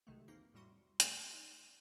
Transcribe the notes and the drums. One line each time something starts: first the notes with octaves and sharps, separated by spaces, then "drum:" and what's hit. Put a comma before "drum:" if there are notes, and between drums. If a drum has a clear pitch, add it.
B1 C3 D#3 G#3 A3
F2 E3 A#3 D#4 A#6 C7
F2 A2 G3 F#4 C6
B2 G3 A3 A#3 C#4 A4, drum: hi-hat
D#4